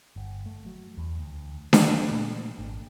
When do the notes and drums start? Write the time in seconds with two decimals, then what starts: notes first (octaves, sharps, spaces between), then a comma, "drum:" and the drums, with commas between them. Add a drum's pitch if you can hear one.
0.16 G1
0.46 A3
0.66 F#3
0.97 E2
1.19 D2
1.73 E3, drum: snare D4
2.11 A#2
2.58 G#1